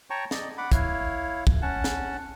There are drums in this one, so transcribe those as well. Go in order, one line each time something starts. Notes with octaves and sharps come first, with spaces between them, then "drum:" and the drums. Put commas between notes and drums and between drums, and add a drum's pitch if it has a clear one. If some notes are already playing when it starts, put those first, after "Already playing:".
C#5 G5 A5 A#5 C#6
D5 D#5, drum: snare
F#5 B5 D6
E4 C#5 F5, drum: kick, hi-hat
drum: kick
C#4 F#5 A5
drum: snare